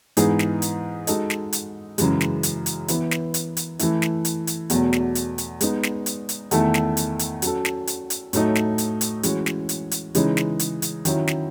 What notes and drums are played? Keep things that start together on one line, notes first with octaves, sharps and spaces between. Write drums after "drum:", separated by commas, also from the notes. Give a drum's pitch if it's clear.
G#2 E3 B3 D#4 G#4, drum: hi-hat
drum: snare
drum: hi-hat
G#3 D#4 F#4 A4 D#5, drum: hi-hat
drum: snare
drum: hi-hat
F#2 C#3 E3 G#3, drum: hi-hat
drum: snare
drum: hi-hat
drum: hi-hat
E3 B3 E4, drum: hi-hat
drum: snare
drum: hi-hat
drum: hi-hat
E3 A3 E4, drum: hi-hat
drum: snare
drum: hi-hat
drum: hi-hat
E2 B2 F#3 A3, drum: hi-hat
drum: snare
drum: hi-hat
drum: hi-hat
G#3 B3 D#4, drum: hi-hat
drum: snare
drum: hi-hat
drum: hi-hat
E2 D#3 A3 E4 A4, drum: hi-hat
drum: snare
drum: hi-hat
drum: hi-hat
F#3 C#4 F#4 A4, drum: hi-hat
drum: snare
drum: hi-hat
drum: hi-hat
A2 F#3 A3 D#4, drum: hi-hat
drum: snare
drum: hi-hat
drum: hi-hat
E3 G#3 C#4 F#4 C#5, drum: hi-hat
drum: snare
drum: hi-hat
drum: hi-hat
C#3 E3 G#3 D#4, drum: hi-hat
drum: snare
drum: hi-hat
drum: hi-hat
D#3 F#3 C#4 E4, drum: hi-hat
drum: snare